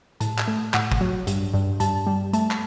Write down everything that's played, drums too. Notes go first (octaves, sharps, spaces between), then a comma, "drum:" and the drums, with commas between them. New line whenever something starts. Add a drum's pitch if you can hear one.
A2 A5, drum: hi-hat
drum: clap
A3
A2 F#5, drum: clap
drum: kick
F#3
G2, drum: hi-hat
G2
G2 A5, drum: hi-hat
G3
A3 A5, drum: hi-hat
drum: clap